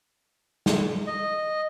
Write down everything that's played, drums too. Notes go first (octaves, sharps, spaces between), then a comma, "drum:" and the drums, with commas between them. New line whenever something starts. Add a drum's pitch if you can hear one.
drum: snare
D#5